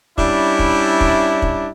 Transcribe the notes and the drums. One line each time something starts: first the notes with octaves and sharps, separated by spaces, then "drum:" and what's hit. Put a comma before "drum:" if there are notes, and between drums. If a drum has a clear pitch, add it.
G3 C#4 D4 E4, drum: kick
drum: kick
drum: kick
drum: kick